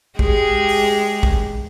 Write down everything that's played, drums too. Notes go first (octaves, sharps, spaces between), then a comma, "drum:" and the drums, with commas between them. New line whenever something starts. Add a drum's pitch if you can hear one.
G#3 G4 G#4, drum: kick
drum: open hi-hat
drum: kick